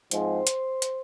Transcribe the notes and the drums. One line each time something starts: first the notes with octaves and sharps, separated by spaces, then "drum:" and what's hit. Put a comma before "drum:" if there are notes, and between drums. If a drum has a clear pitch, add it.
G#2 F3 G#3 C4 C5, drum: hi-hat
drum: hi-hat
drum: hi-hat